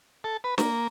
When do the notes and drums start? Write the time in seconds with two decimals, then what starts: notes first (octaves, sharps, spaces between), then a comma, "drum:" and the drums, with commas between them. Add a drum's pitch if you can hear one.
0.24 A4
0.44 B4
0.58 A#3, drum: snare